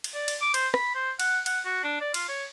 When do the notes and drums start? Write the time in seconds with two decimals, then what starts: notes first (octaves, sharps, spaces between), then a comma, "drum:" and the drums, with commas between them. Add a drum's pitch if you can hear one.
0.04 drum: cymbal
0.14 D5
0.28 drum: cymbal
0.42 D6
0.54 C5, drum: cymbal
0.74 B5, drum: rim click
0.95 C5
1.20 F#5, drum: cymbal
1.46 F#5, drum: cymbal
1.66 F#4
1.84 D4
2.01 D5
2.14 F4, drum: cymbal
2.29 C#5